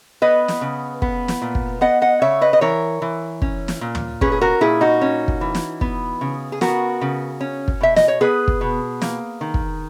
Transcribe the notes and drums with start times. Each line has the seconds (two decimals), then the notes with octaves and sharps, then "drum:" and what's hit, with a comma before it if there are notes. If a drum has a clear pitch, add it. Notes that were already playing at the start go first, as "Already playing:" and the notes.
0.22 B3 B4 D#5
0.48 drum: snare
0.61 C#3
1.02 B3, drum: kick
1.28 drum: snare
1.42 A#2
1.55 drum: kick
1.81 B3 D#5 F#5
2.02 D#5 F#5
2.22 C#3 C#5 E5
2.41 B4 D#5
2.53 D#5
2.61 E3 A#4 C#5
3.02 E3
3.42 C#4, drum: kick
3.68 drum: snare
3.81 A#2
3.95 drum: tom
4.21 C#4 G#4 B4, drum: kick
4.32 G#4
4.41 F#4 A#4
4.61 A#2 E4 G#4
4.81 D#4 F#4
5.01 C#4
5.28 drum: kick
5.41 E3
5.55 drum: snare
5.81 B3, drum: kick
6.21 C#3
6.52 G#4
6.61 B3 F#4 A#4, drum: snare
7.01 C#3
7.41 C#4
7.68 drum: kick
7.81 B2 E5
7.96 D#5, drum: snare
8.08 C#5
8.21 B3 G#4 B4
8.48 drum: kick
8.61 B2
9.02 A#3, drum: snare
9.41 D#3
9.54 drum: kick